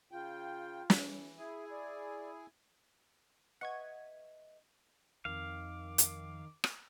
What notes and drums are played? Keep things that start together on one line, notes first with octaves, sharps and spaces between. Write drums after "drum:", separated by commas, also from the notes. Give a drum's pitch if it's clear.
C#3 F4 G5
E3, drum: snare
E4 G#4 E5 G#5
D5
B4 D#5 E5 F#5 C#6 G#6
F2 D#3 F5 D6
drum: hi-hat
drum: rim click